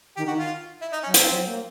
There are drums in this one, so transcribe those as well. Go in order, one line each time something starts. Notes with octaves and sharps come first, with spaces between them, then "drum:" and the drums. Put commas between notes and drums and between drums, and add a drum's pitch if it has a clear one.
D#3 G4
D#3 F#4
F4
E4
D#4
C#4
F#3
F3 C4, drum: hi-hat
F#3
A#3